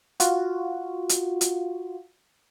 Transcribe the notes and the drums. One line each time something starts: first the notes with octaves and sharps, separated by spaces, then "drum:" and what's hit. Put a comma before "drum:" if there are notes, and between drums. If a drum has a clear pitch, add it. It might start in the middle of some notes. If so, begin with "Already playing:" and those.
F4 F#4, drum: hi-hat
drum: hi-hat
drum: hi-hat